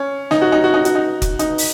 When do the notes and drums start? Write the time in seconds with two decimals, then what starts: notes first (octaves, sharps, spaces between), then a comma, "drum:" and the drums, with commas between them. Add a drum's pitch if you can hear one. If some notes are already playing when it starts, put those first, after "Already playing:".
Already playing: C#4
0.31 D#4, drum: snare
0.41 F#4
0.52 D#4
0.64 F#4
0.74 D#4
0.85 F#4, drum: hi-hat
0.95 D#4
1.22 drum: kick, hi-hat
1.39 D#4, drum: hi-hat
1.58 drum: open hi-hat